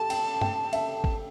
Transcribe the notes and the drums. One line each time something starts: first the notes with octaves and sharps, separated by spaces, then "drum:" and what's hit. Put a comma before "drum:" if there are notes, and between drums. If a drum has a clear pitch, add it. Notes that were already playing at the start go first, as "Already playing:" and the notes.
Already playing: G4 A4 A5
G5, drum: cymbal
G5, drum: tom G2
E5, drum: cymbal
drum: kick G#1